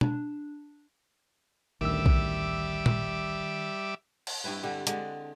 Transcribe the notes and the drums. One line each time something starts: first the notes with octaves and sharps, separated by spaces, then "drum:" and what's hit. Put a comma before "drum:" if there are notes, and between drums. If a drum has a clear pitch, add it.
D4, drum: tom
A1 D2 D#3 G3 E5 D6 E6
drum: kick B1
drum: tom A#2
drum: cymbal
G2 C4 E4 B4
D3 G3
D3 G#3 D5, drum: hi-hat